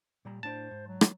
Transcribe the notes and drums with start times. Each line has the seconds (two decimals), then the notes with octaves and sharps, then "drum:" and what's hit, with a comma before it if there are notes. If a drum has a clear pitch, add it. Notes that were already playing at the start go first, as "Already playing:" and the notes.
0.25 A#2 G3 A#5
0.43 A2 D4 C5 A5
0.71 G#2
0.87 F#3
1.01 drum: rim click